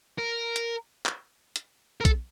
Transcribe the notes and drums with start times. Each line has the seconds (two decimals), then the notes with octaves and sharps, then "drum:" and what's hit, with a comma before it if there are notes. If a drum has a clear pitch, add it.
0.19 A#4
0.56 drum: hi-hat
1.06 drum: clap
1.56 drum: hi-hat
2.01 A#4
2.05 A4, drum: kick, hi-hat